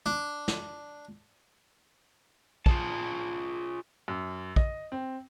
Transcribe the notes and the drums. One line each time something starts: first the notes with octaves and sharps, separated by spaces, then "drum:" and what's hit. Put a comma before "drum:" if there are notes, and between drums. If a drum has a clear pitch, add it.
D4
drum: snare
F4 G#4 A5, drum: kick
F#2
D#5, drum: kick
C4